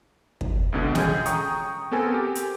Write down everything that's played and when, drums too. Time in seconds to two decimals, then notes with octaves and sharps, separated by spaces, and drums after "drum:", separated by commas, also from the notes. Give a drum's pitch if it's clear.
0.41 drum: kick
0.73 C#2 B2 D3
0.95 C#2 C#4 G#4 G#5 G6, drum: snare
1.26 G5 A#5 C#6 D#6, drum: hi-hat
1.91 B3 C4 A4 A#4 G#5
2.14 G4
2.35 drum: hi-hat